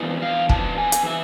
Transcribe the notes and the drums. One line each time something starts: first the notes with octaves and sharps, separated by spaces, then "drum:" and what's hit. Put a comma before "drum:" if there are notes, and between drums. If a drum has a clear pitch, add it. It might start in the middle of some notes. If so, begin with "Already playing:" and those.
Already playing: F2 E3 B3 D4
F5
F2 E3 B3 D4 A5, drum: kick
G#5
drum: hi-hat
E5